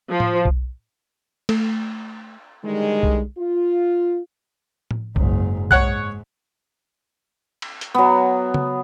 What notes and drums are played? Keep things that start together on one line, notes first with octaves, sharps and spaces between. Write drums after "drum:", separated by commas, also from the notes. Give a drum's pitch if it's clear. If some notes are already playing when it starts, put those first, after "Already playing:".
F3
drum: tom A2
drum: kick B1
A3, drum: cymbal
D3 D#3 G3 G#3
drum: kick B1
F4
drum: tom A2
F#1 G#2, drum: kick B1
G#2 C#5 F#5 F#6, drum: kick B1
drum: cymbal
drum: hi-hat
F#3 B3
drum: tom C#3